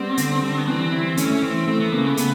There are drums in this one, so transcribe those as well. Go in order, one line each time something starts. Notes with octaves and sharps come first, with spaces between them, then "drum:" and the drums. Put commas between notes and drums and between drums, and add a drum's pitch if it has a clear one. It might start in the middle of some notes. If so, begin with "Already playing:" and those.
Already playing: G3 B3 C4
D3, drum: hi-hat
G3
B3
E3 C4
E4
A3 C#4, drum: hi-hat
C#4
E3 C4
A3 C4
B3
C#3 A#3
B3
C#3, drum: hi-hat